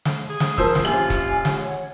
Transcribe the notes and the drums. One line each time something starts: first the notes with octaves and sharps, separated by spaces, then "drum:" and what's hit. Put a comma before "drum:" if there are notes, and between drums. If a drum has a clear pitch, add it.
drum: snare
G#4
drum: snare
F3 A#4 C5 A5 E6, drum: kick
drum: snare
A#1 C#4 F4 G4 G#5 F#7
drum: kick, hi-hat
drum: snare
C#5 F#5